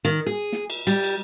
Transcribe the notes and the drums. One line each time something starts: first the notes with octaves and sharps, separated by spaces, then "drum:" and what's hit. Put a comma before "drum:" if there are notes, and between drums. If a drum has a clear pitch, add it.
D#3
G#4
drum: snare
drum: cymbal
G3, drum: cymbal
drum: cymbal